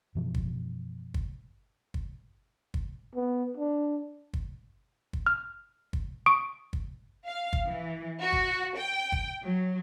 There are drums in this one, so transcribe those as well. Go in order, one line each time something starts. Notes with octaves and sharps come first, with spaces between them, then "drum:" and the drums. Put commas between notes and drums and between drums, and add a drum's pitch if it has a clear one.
F#2 B2 E3 F3
drum: kick
drum: kick
drum: kick
drum: kick
B3
D4
drum: kick
drum: kick
F6
drum: kick
C#6 D#6 D7
drum: kick
F5
drum: kick
E3
F#4
drum: kick
G5
drum: kick
F#3